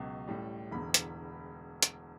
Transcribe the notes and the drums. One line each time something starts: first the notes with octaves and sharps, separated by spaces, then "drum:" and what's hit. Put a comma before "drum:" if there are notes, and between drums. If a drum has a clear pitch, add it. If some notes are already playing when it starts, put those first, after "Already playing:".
Already playing: C#2 B2 F#3
A1 A2 G3
E1 E2 D3 B5
drum: hi-hat
drum: hi-hat